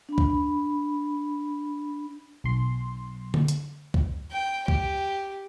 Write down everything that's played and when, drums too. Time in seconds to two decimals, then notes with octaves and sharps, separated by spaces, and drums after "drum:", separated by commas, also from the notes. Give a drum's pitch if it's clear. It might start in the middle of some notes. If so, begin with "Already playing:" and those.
0.09 D4 B5
0.18 drum: kick
2.44 B1 C6
3.34 drum: tom D3
3.48 drum: hi-hat
3.94 drum: kick
4.32 G5
4.68 G4, drum: kick